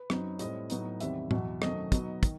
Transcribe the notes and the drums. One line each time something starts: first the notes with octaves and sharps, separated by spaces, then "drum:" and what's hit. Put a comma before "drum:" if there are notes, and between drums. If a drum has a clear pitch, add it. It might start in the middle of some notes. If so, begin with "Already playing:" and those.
Already playing: B4
F#2 F#3 C4 D#4, drum: rim click
A2 G3 C4 D#5, drum: hi-hat
A2 F#3 B3 D#4, drum: hi-hat
E2 C3 D#3 G3 C4 E5, drum: hi-hat
E2 B2 F#3, drum: tom A2
F#2 D#3 F#3 A3 C4 D#5, drum: rim click
B2 F#3 B3 D#4, drum: kick, hi-hat
D#3, drum: kick, hi-hat